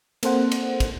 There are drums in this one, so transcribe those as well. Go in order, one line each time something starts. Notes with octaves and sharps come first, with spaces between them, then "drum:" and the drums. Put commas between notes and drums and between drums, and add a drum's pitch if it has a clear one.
A#3 C4 A4 C5 F#5, drum: cymbal
drum: cymbal
drum: kick, cymbal